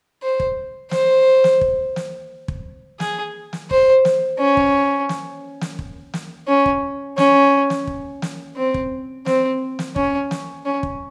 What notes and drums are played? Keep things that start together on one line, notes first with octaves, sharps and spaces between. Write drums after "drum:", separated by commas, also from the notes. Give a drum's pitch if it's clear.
C5
drum: kick
C5, drum: snare
drum: snare
drum: kick
drum: snare
drum: kick
G#4, drum: snare
drum: snare
C5, drum: kick
drum: snare
C#4
drum: kick
drum: snare
drum: snare
drum: kick
drum: snare
C#4
drum: kick
C#4, drum: snare
drum: snare
drum: kick
drum: snare
C4
drum: kick
C4, drum: snare
drum: snare
C#4, drum: kick
drum: snare
C#4
drum: kick